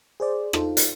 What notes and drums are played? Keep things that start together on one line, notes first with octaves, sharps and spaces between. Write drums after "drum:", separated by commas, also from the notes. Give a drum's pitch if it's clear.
G#4 C5 D5
D#4 F4 A4 C5, drum: rim click
drum: hi-hat